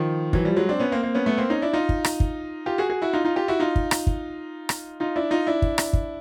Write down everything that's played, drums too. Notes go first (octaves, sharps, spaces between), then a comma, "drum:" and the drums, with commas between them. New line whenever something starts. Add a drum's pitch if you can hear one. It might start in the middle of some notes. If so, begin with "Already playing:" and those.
Already playing: D#3 F3
E3 F#3, drum: kick
F3 G3
F#3 G#3
C4 D4
B3 C#4
A#3 C4
A#3 C4
B3 C#4
A3 B3
A#3 C4
C#4 D#4
D4 E4
D#4 F4
drum: kick
drum: rim click
drum: kick
F4 G4
F#4 G#4
F#4 G#4
E4 F#4
D#4 F4
D#4 F4
F4 G4
E4 F#4
D#4 F4
drum: kick
drum: rim click
drum: kick
drum: rim click
D#4 F4
D4 E4
D#4 F4
D4 E4
drum: kick
drum: rim click
drum: kick